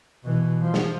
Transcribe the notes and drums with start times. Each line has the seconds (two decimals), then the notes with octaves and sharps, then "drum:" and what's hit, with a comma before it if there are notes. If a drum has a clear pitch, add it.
0.24 B2 E3
0.62 F3
0.74 drum: snare